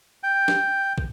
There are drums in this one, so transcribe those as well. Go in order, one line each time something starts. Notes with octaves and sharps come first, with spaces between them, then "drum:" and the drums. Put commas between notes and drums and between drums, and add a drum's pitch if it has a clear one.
G5
drum: snare
drum: kick